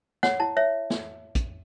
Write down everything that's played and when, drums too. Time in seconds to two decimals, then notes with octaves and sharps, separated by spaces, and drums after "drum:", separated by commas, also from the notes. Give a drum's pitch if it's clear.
0.23 C#5 F#5, drum: snare
0.40 E4 A5
0.57 C#5 E5
0.90 drum: snare
1.35 drum: kick, hi-hat